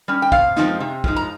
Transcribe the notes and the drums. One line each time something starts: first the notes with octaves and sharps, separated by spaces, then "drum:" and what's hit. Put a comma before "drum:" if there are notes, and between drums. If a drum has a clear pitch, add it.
G3 C#4
G5
C3 F5, drum: kick
F3 G#3 C4 D#4, drum: snare
C3
F3 G#3 C4 D#4, drum: kick
A#5